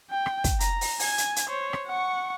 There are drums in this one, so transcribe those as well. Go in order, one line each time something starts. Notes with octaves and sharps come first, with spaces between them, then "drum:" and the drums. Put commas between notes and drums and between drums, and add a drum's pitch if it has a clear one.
G5
drum: rim click
drum: kick, hi-hat
A#5, drum: hi-hat
drum: open hi-hat
G#5 G#6, drum: open hi-hat
drum: hi-hat
drum: hi-hat
C5 C#5
drum: rim click
F#5 C#6